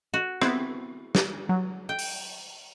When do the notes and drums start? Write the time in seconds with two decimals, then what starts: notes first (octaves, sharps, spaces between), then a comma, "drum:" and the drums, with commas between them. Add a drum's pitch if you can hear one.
0.14 F#4
0.42 B3 C4 E4, drum: rim click
1.15 drum: snare
1.49 F#3
1.89 G5
1.99 drum: open hi-hat